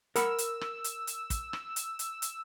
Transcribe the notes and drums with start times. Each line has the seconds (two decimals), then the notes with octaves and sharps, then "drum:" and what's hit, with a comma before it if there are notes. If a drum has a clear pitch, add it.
0.16 A#4 F#5 B5 E6, drum: hi-hat
0.38 drum: hi-hat
0.61 drum: rim click
0.84 drum: hi-hat
1.07 drum: hi-hat
1.30 drum: kick, hi-hat
1.53 drum: rim click
1.76 drum: hi-hat
1.99 drum: hi-hat
2.22 drum: hi-hat